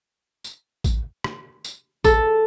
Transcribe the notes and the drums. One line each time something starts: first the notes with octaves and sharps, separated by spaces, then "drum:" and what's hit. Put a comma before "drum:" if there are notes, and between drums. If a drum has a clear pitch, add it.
drum: tambourine
drum: kick A1, tambourine
drum: rim click
drum: tambourine
A4, drum: kick A1, tambourine